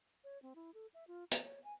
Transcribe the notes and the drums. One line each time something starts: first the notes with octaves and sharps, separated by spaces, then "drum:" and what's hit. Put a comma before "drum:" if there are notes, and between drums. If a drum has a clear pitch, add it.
C#5
C4
E4
A4
E5
F4
D#5, drum: hi-hat
C#5
G#5